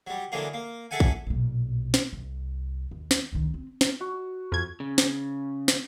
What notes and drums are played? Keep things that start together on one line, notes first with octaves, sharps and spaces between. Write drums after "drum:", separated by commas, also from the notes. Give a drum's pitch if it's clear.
F#3 G3
D3 E3 F#3 G#3 A#3 G#4
A#3
G#4 A4 E5 F#5 G#5
drum: kick A1
B1 A#2
drum: snare
C2
D#2
drum: snare
C#2 D#3
C4
drum: snare
F#4
F2 G#6
C#3
drum: snare
drum: snare